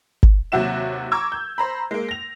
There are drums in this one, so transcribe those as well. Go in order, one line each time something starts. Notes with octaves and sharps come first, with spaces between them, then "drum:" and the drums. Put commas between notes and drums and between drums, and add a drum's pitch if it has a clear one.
drum: kick G1
D#2 C3 F#3 F#4 E5 E7
A#5 C#6 D6 E6 G#6
G6
C5 A#5 B5
G#3 A#3
A#6 F7